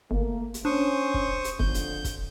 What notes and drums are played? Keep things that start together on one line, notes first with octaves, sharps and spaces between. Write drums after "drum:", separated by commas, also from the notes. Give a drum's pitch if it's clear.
G1 A3 A#3
drum: hi-hat
C#4 D4 C5 C#6 D#6
drum: kick
drum: hi-hat
G1 F2 D3 G6, drum: kick
drum: hi-hat
drum: kick, hi-hat